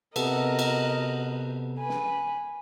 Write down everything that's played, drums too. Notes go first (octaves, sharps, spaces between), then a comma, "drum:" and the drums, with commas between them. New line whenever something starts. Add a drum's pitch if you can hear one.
C3 B3 A4 A#4 D#5 F#5, drum: cymbal
drum: cymbal
B4 G#5
drum: snare